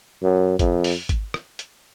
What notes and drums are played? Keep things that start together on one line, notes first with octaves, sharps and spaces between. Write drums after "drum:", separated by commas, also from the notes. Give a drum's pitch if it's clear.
F#2
F2, drum: kick G#1, hi-hat
drum: open hi-hat
drum: kick G#1, hi-hat
drum: rim click
drum: hi-hat